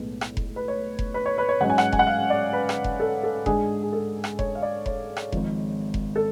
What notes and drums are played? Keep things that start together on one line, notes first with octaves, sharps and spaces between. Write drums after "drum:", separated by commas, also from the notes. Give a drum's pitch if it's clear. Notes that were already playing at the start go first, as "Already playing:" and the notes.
Already playing: B1 A2 G#3 B3
drum: rim click
drum: kick F1
B4
C#5
drum: kick F1
B4
C#5
B4
C#5
G#2 F#3 C#4 F#5
G#5
F#5, drum: rim click
G#5, drum: kick F1
F#5
F5
D5
B4
drum: rim click
drum: kick F1
A4
A4
G#2 G#3 D4 G#4, drum: kick F1
G#4
A4
drum: rim click
C#5, drum: kick F1
F5
D5
C#5, drum: kick F1
drum: rim click
G#1 G#2 F3, drum: kick F1
drum: kick F1
A4